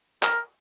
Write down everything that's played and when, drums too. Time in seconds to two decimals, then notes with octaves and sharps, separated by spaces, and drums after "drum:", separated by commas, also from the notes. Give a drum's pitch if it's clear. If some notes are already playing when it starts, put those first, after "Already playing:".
0.23 A#4, drum: clap